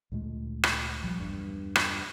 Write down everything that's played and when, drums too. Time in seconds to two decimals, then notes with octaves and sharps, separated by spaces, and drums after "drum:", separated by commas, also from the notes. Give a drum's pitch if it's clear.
0.12 D2 A#2 G#3 A3
0.63 drum: rim click
1.02 A#1 F3 G3
1.20 E2 G2
1.76 drum: rim click